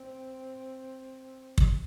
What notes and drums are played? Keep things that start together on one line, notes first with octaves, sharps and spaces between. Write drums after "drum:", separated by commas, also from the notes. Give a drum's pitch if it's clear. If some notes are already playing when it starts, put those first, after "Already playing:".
Already playing: C4
drum: kick